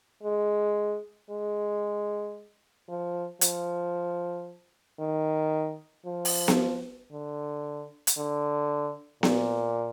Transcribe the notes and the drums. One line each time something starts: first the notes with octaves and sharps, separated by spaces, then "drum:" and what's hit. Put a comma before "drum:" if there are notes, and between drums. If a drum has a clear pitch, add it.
G#3
G#3
F3
F3, drum: hi-hat
D#3
F3
drum: open hi-hat
drum: snare B3
D3
drum: hi-hat
D3
A#2, drum: snare B3